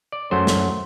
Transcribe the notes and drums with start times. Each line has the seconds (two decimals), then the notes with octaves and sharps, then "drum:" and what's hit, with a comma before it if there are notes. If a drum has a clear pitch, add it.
0.12 D5
0.31 F#2 F#3 A3 C5
0.47 drum: snare